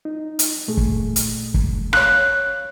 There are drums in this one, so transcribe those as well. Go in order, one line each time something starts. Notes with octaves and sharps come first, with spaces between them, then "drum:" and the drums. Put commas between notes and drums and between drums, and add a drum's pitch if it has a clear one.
D#4
drum: hi-hat
A#2 A3 G#4
drum: kick
drum: hi-hat
drum: kick
C#5 F5 F#6, drum: rim click